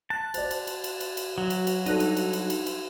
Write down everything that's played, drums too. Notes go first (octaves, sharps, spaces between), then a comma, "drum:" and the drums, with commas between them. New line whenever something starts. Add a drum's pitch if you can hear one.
A5 F#6
C5 D5, drum: cymbal
drum: cymbal
drum: cymbal
drum: cymbal
drum: cymbal
drum: cymbal
F#3
drum: cymbal
drum: cymbal
G3 D4 D#4 A4 F#6, drum: cymbal
drum: cymbal
drum: cymbal
drum: cymbal
drum: cymbal
drum: cymbal